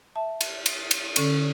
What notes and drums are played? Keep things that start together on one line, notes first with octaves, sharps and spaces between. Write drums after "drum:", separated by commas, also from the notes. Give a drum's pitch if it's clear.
E5 A5
drum: cymbal
drum: cymbal
drum: cymbal
D3 C#4 A4, drum: cymbal